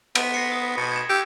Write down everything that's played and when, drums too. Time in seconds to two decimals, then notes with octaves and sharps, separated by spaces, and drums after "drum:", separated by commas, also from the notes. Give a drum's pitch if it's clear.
0.15 B3 C6 B6, drum: cymbal
0.34 A#6 C7 C#7
0.52 D#6
0.77 B2 C#7
0.92 G#6 E7
1.09 G4 E6